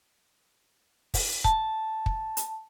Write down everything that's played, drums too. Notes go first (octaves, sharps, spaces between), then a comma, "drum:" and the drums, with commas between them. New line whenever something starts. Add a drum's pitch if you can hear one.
drum: kick, open hi-hat
A5, drum: kick
drum: kick
drum: hi-hat